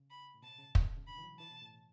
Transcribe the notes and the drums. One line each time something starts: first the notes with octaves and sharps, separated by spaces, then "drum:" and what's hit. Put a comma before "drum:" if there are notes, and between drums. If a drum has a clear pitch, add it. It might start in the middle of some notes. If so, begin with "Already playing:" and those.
Already playing: C#3
B5
A2
B2 A5
C#3
A2, drum: kick
B2
C#3
D3 B5
E3
F#3
E3 A5
B2
A2